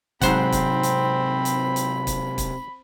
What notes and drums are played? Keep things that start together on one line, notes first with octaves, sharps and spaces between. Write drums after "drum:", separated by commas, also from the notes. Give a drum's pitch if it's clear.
G#2 C3 F#3 C4 C5 F#5 B5, drum: kick, hi-hat
drum: kick, hi-hat
drum: hi-hat
drum: hi-hat
drum: hi-hat
drum: kick, hi-hat
drum: kick, hi-hat